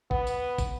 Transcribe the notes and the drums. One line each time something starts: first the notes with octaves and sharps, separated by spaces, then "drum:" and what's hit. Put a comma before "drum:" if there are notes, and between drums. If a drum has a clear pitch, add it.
B3, drum: kick
drum: tambourine
drum: kick, tambourine